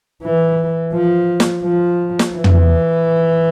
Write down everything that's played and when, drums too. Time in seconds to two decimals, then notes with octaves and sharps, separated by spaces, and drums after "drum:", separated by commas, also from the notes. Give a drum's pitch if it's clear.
0.23 E3
0.94 F3
1.40 drum: snare
1.64 F3
2.19 drum: snare
2.35 E3
2.44 drum: tom